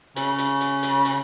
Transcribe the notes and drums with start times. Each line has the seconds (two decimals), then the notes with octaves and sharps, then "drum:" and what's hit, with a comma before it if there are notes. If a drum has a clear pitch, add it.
0.16 C#3, drum: hi-hat
0.38 drum: hi-hat
0.61 drum: hi-hat
0.83 drum: hi-hat
1.05 drum: hi-hat